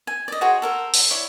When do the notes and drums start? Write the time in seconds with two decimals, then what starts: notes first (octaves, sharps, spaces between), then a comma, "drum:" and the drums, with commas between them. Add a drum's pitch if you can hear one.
0.07 G#5
0.28 D5 D#5
0.41 F#4 G#4 C5 C#5
0.62 A4 A#4 C5
0.94 drum: open hi-hat
1.11 E4 C#5 D5 C#6